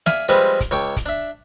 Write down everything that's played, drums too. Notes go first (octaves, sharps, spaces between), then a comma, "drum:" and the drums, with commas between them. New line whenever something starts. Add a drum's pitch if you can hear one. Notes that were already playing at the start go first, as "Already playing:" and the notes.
D5 E5 F5 G#5, drum: snare
F3 G3 G#3 C4 B4
drum: kick, hi-hat
C#2 C#5 G5 A5 D6
drum: kick, hi-hat
D4 E5